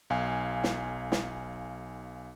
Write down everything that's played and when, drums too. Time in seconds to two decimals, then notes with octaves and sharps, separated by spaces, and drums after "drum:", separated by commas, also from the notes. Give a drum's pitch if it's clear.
0.10 B1 F5 G#5
0.64 drum: snare
1.12 drum: snare